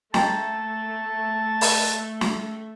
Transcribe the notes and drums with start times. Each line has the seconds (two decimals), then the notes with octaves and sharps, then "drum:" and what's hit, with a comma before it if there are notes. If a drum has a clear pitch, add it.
0.14 A3 G5 A5 A#5, drum: snare
1.61 drum: open hi-hat
2.21 drum: snare